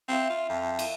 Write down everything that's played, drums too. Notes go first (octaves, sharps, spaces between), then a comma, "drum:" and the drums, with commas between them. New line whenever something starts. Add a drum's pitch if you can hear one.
C4 E5 F5
F4
F2
drum: cymbal